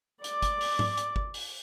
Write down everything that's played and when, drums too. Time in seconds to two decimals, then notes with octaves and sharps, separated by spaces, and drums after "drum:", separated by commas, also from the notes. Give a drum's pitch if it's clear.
0.24 D5 D6, drum: hi-hat
0.42 drum: kick G1, hi-hat
0.61 drum: open hi-hat
0.79 drum: tom G#2
0.97 drum: hi-hat
1.16 drum: kick G1
1.34 drum: open hi-hat